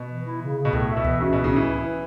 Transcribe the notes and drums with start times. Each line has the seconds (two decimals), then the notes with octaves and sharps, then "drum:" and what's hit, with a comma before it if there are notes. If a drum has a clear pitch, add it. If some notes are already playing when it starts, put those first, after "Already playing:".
Already playing: B2
0.10 E3
0.26 E4
0.42 C#3
0.58 C#3
0.65 B2
0.73 A2 A4, drum: kick C2
0.89 E5
0.97 B2
1.05 E3, drum: kick C2
1.20 C#3 F#4
1.33 B2
1.36 A2
1.44 C#3, drum: kick C2
1.52 A2 E3
1.68 E4
1.84 B4